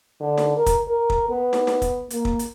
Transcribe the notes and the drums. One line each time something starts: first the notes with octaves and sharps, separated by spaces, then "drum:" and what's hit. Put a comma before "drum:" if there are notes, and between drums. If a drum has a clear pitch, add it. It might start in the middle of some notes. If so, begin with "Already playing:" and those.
D3
drum: snare
A#4
drum: kick, hi-hat
A#4
drum: kick
B3
drum: snare
drum: snare
drum: kick, hi-hat
A#3, drum: hi-hat
drum: kick
drum: hi-hat